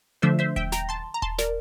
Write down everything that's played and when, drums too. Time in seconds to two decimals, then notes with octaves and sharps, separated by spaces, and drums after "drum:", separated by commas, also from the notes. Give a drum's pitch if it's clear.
0.22 D3 F3 A3 D4 C5 E5
0.39 C5 E5
0.56 E5 G5, drum: kick D#1
0.72 G5 A#5, drum: snare
0.89 A5 C6
1.14 A#5
1.22 A5 C6, drum: kick D#1
1.38 A#4 D5, drum: snare